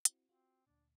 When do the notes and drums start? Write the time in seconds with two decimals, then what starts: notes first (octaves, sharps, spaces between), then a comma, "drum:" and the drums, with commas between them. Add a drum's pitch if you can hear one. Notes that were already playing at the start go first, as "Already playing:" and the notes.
0.05 C4 E4 F#4, drum: hi-hat
0.29 C4 F4 F#4
0.67 D2 A#2 D4